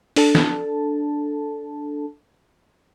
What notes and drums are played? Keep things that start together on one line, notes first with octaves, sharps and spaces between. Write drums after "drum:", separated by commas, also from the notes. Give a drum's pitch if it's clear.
D4 A4 A5, drum: open hi-hat
drum: snare